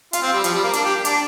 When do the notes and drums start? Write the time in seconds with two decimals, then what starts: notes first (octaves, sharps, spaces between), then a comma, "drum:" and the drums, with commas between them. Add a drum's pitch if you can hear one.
0.13 F4, drum: hi-hat
0.23 C4
0.33 G3
0.44 F3, drum: hi-hat
0.54 G3
0.64 A#3
0.73 D4, drum: hi-hat
0.85 G4
1.05 D4, drum: hi-hat